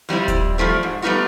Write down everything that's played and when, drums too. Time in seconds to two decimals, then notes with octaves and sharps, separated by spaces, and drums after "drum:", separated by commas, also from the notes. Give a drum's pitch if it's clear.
0.09 F2 G3 C4 E4
0.28 drum: kick D#1, hi-hat
0.58 F3 G3 A3 C4
0.83 G#2
1.02 G3 A3 B3 D#4 F4 F#4